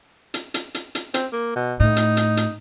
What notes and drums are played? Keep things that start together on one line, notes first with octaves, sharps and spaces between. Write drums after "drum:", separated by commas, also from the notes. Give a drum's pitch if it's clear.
drum: hi-hat
drum: hi-hat
drum: hi-hat
drum: hi-hat
C4, drum: hi-hat
A#3
B2
A2 D#4
drum: hi-hat
drum: hi-hat
drum: hi-hat